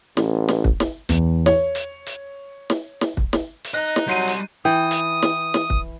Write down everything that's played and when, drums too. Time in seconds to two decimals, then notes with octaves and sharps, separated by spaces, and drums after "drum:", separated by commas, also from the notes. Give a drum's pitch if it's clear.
0.17 A1, drum: snare
0.49 drum: snare
0.64 drum: kick
0.80 drum: snare
1.09 E2, drum: hi-hat
1.46 C#5, drum: snare
1.75 drum: hi-hat
2.06 drum: hi-hat
2.70 drum: snare
3.01 drum: snare
3.17 drum: kick
3.33 drum: snare
3.64 drum: hi-hat
3.74 D#4 D#5 F#6
3.96 drum: snare
4.08 F#3 G3 C6 G6 C7 D#7
4.28 drum: hi-hat
4.65 E3 G5 D#6
4.91 drum: hi-hat
5.22 drum: snare
5.54 drum: snare
5.70 drum: kick